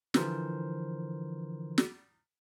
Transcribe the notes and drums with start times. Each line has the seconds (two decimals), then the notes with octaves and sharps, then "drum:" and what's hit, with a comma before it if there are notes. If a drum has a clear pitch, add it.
0.14 D3 E3 F3 A#4 C5, drum: snare
1.78 drum: snare